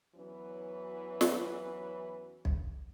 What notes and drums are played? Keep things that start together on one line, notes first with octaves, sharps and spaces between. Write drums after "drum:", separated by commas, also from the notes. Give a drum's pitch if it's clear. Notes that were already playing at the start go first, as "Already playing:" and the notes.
E2 E3 F#3 C#4 F#4 B4
drum: snare
drum: kick B1